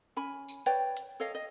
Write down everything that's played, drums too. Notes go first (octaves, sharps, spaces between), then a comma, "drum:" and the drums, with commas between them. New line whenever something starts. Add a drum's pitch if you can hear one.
C#4 G#5 B5
drum: tambourine
B4 C#5 D5 G5, drum: hi-hat
drum: hi-hat
A4 C#5 D#5 F5
D#5